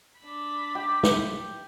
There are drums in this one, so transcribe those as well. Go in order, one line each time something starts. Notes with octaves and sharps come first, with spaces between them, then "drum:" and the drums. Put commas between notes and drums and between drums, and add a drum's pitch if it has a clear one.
D4 B5
G4 G5
drum: snare